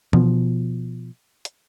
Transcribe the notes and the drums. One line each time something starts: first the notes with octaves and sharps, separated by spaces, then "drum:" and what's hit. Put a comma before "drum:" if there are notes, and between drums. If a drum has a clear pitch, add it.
B2 F3, drum: tom E3
drum: hi-hat